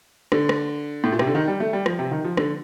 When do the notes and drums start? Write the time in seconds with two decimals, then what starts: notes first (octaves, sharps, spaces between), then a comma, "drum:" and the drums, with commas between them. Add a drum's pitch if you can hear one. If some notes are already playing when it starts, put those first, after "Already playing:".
0.32 D3, drum: rim click
0.49 drum: rim click
1.04 A2
1.12 A#2
1.19 C3, drum: rim click
1.27 D3
1.35 D#3
1.48 G3
1.60 A3
1.73 G3
1.86 F3, drum: rim click
1.99 C3
2.11 D#3
2.24 F3
2.37 D3, drum: rim click